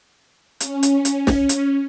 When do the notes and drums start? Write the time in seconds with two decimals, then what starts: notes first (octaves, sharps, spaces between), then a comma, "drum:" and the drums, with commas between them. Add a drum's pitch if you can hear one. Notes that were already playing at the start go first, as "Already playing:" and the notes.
0.60 C#4, drum: hi-hat
0.83 drum: hi-hat
1.05 drum: hi-hat
1.27 drum: snare
1.49 drum: hi-hat